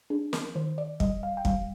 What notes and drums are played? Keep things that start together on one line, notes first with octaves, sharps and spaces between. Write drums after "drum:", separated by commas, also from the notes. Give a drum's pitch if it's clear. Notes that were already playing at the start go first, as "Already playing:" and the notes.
D4 G#4
A#4, drum: snare
D#3 C5
D5
G3 D#5, drum: kick
F5
G5
G3 F5, drum: kick